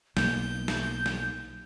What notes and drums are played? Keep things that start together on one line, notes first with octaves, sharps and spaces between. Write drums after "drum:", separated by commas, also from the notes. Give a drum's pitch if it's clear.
B1 A#3 G6, drum: snare
drum: snare
drum: snare